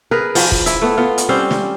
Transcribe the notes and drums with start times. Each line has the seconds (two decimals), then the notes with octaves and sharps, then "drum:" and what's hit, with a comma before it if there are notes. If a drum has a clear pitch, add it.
0.11 G#4 A#4 B4
0.35 F3, drum: open hi-hat
0.52 drum: kick
0.66 E4, drum: hi-hat
0.82 A3 B3
0.97 B3 F4
1.18 drum: hi-hat
1.29 G3 C4 C#4 C5
1.51 drum: snare